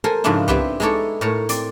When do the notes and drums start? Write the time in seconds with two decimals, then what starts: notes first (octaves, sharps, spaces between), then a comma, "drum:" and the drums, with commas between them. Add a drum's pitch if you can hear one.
0.04 A4 A#4 C5 G#5
0.24 G#2 C#3 F3 G#3 D4 E4
0.48 B3 C4 E4 G4 B4, drum: tom C2
0.80 G#3 D#4 E4 A4 C#5 D5
1.21 A2 A#4 C#5 A5
1.49 C4 D5, drum: hi-hat